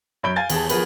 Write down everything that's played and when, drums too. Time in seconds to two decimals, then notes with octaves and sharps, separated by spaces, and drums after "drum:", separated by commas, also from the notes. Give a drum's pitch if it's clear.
0.23 F#2 C#5 B5 G6 D7 G7
0.36 F5 G#5 G#6 A6
0.50 E2 G#4 A5, drum: cymbal
0.70 F3 B3 G#4 A#4 B4, drum: cymbal